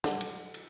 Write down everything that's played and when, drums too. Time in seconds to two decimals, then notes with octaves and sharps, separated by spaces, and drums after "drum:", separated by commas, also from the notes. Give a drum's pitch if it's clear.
0.04 D3, drum: snare
0.21 drum: cymbal
0.54 drum: cymbal